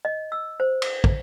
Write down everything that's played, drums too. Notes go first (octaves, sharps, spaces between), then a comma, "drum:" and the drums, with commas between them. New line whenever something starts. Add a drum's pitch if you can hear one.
D#5
E6
C5
drum: cymbal
drum: kick